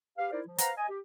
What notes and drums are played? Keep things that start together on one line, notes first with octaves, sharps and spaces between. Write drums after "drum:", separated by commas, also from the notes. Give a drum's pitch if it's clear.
G4 B4 F5
D#4 E4 A#4 C5 D5
F3
B4 C5 F5 F#5 A#5, drum: hi-hat
D#5 G#5
G4